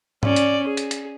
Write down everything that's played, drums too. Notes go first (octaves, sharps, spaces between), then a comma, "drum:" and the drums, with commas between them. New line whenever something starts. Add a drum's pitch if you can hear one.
C#4 D5, drum: tom G#2
drum: hi-hat
G#4
drum: hi-hat
drum: hi-hat